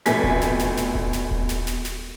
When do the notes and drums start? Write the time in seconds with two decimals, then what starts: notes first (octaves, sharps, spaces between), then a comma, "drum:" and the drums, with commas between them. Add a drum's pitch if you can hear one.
0.06 F1 A#1 B2 A3 G#5 B6, drum: snare
0.24 drum: kick D#1
0.41 drum: snare
0.59 drum: snare
0.77 drum: snare
0.95 drum: kick D#1
1.13 drum: snare
1.31 drum: kick D#1
1.49 drum: snare
1.67 drum: snare
1.85 drum: snare